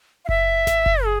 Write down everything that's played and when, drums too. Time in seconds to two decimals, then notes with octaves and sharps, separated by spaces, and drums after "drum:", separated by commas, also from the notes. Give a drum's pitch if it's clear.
0.25 F5
0.29 E5, drum: kick F#1
0.67 drum: snare G#1
0.86 drum: kick F#1
1.05 G#4